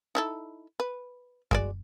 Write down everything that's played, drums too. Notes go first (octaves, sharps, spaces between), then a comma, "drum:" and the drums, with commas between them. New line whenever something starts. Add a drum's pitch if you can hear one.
D#4 E4 A4
B4
G#3 F#4 D5, drum: kick F#2